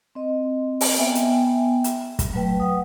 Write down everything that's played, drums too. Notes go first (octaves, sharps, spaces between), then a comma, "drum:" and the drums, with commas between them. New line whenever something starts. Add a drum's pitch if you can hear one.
C4 D#5
drum: open hi-hat
B3 E5 G5 G#5
drum: hi-hat
drum: hi-hat
drum: kick, hi-hat
F#3 A3 B4 G5
F#5 D#6